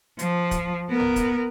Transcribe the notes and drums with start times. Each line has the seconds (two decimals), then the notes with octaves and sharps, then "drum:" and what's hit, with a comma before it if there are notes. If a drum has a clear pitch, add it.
0.19 F3, drum: hi-hat
0.51 drum: kick, hi-hat
0.90 B3 A#4
1.00 drum: tom
1.16 drum: kick, hi-hat